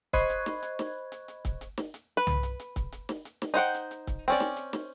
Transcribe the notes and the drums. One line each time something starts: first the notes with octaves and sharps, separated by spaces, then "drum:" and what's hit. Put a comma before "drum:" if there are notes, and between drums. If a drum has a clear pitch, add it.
C5 D#5 B5 C#6 F#6 G#6, drum: kick, hi-hat
drum: hi-hat
drum: snare
drum: hi-hat
drum: snare
drum: hi-hat
drum: hi-hat
drum: kick, hi-hat
drum: hi-hat
drum: snare
drum: hi-hat
B4
drum: tom
drum: hi-hat
drum: hi-hat
drum: kick, hi-hat
drum: hi-hat
drum: snare
drum: hi-hat
drum: snare
D#4 C5 F#5 G5
drum: hi-hat
drum: hi-hat
drum: kick, hi-hat
C4 C#4 D5
drum: snare
drum: hi-hat
drum: snare